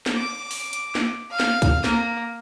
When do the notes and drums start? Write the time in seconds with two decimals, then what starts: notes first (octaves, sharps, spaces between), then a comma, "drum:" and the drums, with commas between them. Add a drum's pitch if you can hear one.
0.06 drum: snare
0.17 D6
0.51 drum: open hi-hat
0.73 drum: hi-hat
0.95 drum: snare
1.30 F5
1.40 drum: snare
1.62 drum: kick, hi-hat
1.84 A#3, drum: snare